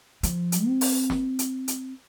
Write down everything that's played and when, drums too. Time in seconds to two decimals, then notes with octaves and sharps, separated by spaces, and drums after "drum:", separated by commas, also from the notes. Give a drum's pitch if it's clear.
0.23 F3, drum: hi-hat
0.52 drum: hi-hat
0.66 C4
0.81 drum: open hi-hat
1.10 drum: snare
1.39 drum: hi-hat
1.68 drum: hi-hat